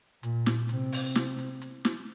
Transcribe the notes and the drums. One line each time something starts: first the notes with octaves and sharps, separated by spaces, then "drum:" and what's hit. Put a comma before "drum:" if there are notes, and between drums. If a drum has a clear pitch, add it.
A#2, drum: hi-hat
drum: snare
C3, drum: hi-hat
drum: open hi-hat
drum: snare
drum: hi-hat
drum: hi-hat
drum: snare